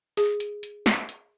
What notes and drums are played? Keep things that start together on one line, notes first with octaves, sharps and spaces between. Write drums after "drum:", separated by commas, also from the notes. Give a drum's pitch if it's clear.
G#4, drum: hi-hat
drum: hi-hat
drum: hi-hat
drum: snare
drum: hi-hat